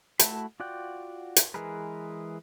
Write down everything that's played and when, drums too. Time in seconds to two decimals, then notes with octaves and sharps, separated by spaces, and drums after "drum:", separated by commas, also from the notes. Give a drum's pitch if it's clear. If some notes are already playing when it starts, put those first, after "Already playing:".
0.19 A3 E4 F#4 A5 B5, drum: hi-hat
0.60 F4 F#4 D5 F#5 G5
1.36 drum: hi-hat
1.54 E3 G#3 G#4 A#4 B4